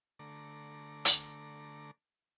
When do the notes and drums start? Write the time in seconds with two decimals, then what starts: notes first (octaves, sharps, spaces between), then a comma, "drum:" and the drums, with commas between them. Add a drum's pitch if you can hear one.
0.19 D3 A3 A#5 D6
1.05 drum: hi-hat